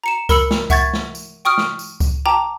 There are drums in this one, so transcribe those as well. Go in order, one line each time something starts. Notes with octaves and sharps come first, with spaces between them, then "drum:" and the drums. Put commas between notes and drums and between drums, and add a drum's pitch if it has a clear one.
A#5 C#7 E7
A#4 B5 E6 C#7 F#7, drum: kick C#2, tambourine
drum: snare
E5 F#5 C#6 G#6 A6, drum: kick C#2, tambourine
drum: snare
drum: tambourine
G5 C#6 D#6 F6 D7
drum: snare
drum: tambourine
drum: kick C#2, tambourine
G5 A5 A#5 D6 F7